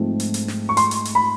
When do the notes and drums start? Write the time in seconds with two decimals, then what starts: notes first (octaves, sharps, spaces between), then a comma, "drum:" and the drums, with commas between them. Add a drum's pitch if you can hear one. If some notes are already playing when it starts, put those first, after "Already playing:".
Already playing: G#2 F3 A3 C4
0.20 drum: hi-hat
0.34 drum: hi-hat
0.48 drum: snare
0.69 C#6
0.77 C6, drum: hi-hat
0.91 drum: hi-hat
1.05 drum: hi-hat
1.15 B5